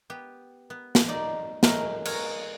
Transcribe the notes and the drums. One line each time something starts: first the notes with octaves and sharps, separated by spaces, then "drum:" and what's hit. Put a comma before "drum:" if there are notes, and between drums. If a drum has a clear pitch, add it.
B3 G4
B3
drum: snare
D#4 D5
F#3 G#3 A3 A#4, drum: snare
G#3 A#4 C#5, drum: cymbal